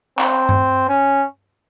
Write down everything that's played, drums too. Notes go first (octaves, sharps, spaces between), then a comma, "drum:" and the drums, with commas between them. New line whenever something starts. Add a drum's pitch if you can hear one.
C4, drum: clap
drum: tom G2
C#4